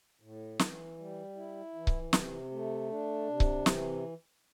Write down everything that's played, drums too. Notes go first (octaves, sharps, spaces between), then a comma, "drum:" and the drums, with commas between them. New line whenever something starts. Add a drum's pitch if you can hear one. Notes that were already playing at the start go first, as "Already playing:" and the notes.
A2
E3, drum: snare
G3
E4
E3
drum: kick C#1
C3, drum: snare
A3
D4
C3
drum: kick C#1
E3, drum: snare